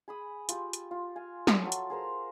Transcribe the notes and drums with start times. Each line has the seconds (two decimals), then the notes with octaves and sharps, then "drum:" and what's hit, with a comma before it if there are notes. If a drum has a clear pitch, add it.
0.08 G#4 B5 D#6
0.49 F4 G4, drum: hi-hat
0.73 drum: hi-hat
0.91 F4
1.16 F5 G#5
1.47 drum: snare
1.62 F#3 F4 A4
1.72 drum: hi-hat
1.90 G#4 A#4 C5 A#5